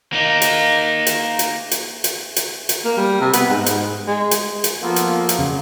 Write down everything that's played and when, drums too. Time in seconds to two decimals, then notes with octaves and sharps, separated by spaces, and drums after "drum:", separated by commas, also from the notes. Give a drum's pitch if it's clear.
0.13 A#3 D#4
0.42 drum: hi-hat
1.06 drum: hi-hat
1.39 drum: hi-hat
1.71 drum: hi-hat
2.04 drum: hi-hat
2.36 drum: hi-hat
2.69 drum: hi-hat
2.85 A#3
2.97 G3
3.21 C3
3.33 B3, drum: hi-hat
3.50 G#2
3.66 drum: hi-hat
4.07 G#3
4.31 drum: hi-hat
4.64 drum: hi-hat
4.82 F3 A#3 B3 F4 A4
4.96 drum: hi-hat
5.29 drum: hi-hat
5.38 C#3 F#3